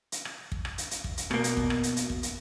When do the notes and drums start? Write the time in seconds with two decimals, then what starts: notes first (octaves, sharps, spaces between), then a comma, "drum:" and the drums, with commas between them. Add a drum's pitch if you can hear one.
0.12 drum: hi-hat
0.25 drum: rim click
0.52 drum: kick
0.65 drum: rim click
0.78 drum: hi-hat
0.91 drum: hi-hat
1.04 drum: kick
1.17 drum: hi-hat
1.31 B2 A#3, drum: rim click
1.44 drum: hi-hat
1.57 drum: kick
1.70 drum: rim click
1.83 drum: hi-hat
1.97 drum: hi-hat
2.10 drum: kick
2.23 drum: hi-hat